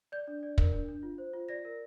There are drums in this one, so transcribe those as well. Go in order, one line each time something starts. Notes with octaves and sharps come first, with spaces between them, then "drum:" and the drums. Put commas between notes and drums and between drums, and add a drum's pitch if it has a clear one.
D5 G6
D4
D5
A#4, drum: kick
D4
D4
F4
C5
F4
D5 A#6
A#4